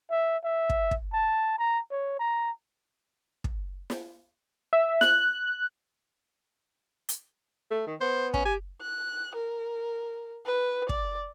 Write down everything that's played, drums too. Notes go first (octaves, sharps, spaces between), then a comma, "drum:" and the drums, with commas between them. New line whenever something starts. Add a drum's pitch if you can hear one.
E5
E5
drum: kick
drum: kick
A5
A#5
C#5
A#5
drum: kick
drum: snare
E5
F#6, drum: snare
drum: hi-hat
A3
D#3
B3 C5
C#4, drum: kick
G4 G#5
F#6
A#4
B4
D5, drum: kick